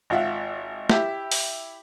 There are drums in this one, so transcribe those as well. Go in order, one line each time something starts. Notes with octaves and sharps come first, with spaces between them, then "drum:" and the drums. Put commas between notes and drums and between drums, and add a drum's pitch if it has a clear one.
G#1 F4 E5 F#5
E4 G4 E5, drum: snare
drum: open hi-hat